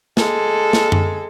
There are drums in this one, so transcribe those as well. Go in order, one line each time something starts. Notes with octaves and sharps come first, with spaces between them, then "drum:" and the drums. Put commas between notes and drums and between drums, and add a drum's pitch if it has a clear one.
G#3 A4, drum: snare
drum: snare
drum: tom F#2